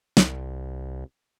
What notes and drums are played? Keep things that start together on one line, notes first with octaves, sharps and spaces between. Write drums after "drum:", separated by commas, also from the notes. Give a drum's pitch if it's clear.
C2, drum: snare